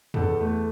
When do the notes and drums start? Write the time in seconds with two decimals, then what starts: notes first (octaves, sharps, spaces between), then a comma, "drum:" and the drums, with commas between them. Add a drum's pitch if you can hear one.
0.14 E2 A4, drum: tom E2
0.40 A3